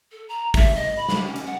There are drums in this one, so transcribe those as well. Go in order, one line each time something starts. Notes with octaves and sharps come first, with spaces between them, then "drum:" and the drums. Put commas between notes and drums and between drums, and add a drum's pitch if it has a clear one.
A4
A#5
E5, drum: kick, open hi-hat
D#5
B5
drum: snare
C#4
drum: hi-hat
F#5